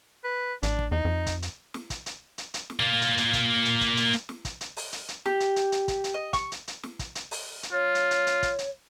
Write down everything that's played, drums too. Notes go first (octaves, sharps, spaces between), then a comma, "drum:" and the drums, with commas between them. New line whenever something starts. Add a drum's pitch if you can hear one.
B4
A1 D4, drum: hi-hat
drum: kick
E2 D#4
F2
drum: kick, hi-hat
drum: hi-hat
drum: snare
drum: kick, hi-hat
drum: hi-hat
drum: hi-hat
drum: hi-hat
drum: snare
A#3 F4
drum: hi-hat
drum: hi-hat
drum: kick, hi-hat
drum: hi-hat
drum: kick, hi-hat
drum: hi-hat
drum: hi-hat
drum: snare
drum: kick, hi-hat
drum: hi-hat
drum: open hi-hat
drum: hi-hat
drum: hi-hat
G4, drum: snare
drum: hi-hat
drum: hi-hat
drum: hi-hat
drum: kick, hi-hat
drum: hi-hat
D#5
C#6, drum: kick, hi-hat
drum: hi-hat
drum: hi-hat
drum: snare
drum: kick, hi-hat
drum: hi-hat
drum: open hi-hat
drum: hi-hat
F4 C#5
drum: hi-hat
drum: hi-hat
drum: hi-hat
drum: kick, hi-hat
drum: hi-hat